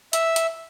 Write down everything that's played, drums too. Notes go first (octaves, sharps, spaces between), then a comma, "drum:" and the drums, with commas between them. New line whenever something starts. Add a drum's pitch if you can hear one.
E5, drum: hi-hat
drum: hi-hat